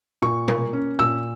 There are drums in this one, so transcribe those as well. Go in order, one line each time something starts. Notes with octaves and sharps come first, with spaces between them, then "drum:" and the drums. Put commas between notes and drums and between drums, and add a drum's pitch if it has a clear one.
A#2 C#6
A#3, drum: tom B2
C#4
A#2 E6